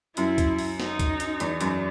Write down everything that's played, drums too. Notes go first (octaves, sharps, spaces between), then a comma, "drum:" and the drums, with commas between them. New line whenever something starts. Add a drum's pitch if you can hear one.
F#2 E4, drum: hi-hat
drum: kick C#2, hi-hat
drum: open hi-hat
D#4, drum: snare
drum: kick C#2, hi-hat
drum: hi-hat
E2, drum: hi-hat
F#2, drum: hi-hat